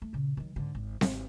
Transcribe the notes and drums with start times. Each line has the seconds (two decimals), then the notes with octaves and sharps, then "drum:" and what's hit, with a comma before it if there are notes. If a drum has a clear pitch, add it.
0.02 A3
0.13 A#2 C#3
0.37 D#3 F#3
0.56 G#2 D3
0.75 G#1
1.01 G#1, drum: snare C4